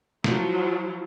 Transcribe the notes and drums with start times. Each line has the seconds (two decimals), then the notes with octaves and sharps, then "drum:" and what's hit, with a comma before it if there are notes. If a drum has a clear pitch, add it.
0.24 F3 F#3 E4 F4, drum: snare